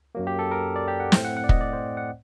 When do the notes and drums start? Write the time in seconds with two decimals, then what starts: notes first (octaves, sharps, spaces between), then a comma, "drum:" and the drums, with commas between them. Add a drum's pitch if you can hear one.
0.15 F#2 F#3 A#3
0.27 G4
0.39 A4
0.51 A#4
0.76 D5
0.88 G4
1.00 F#5
1.12 A2 A3 C4 G5, drum: snare
1.24 F#5
1.37 F#5
1.44 D5
1.49 D#5, drum: kick
1.61 D5
1.73 C5
1.97 F#5